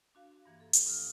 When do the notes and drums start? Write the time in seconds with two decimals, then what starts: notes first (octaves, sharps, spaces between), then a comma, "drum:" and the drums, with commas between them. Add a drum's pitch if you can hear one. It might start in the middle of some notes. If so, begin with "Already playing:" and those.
0.15 D4 F#4 F5
0.45 G2 E3 A#3 G#6
0.60 A4
0.73 drum: hi-hat
0.85 G2 F3 D#4 F6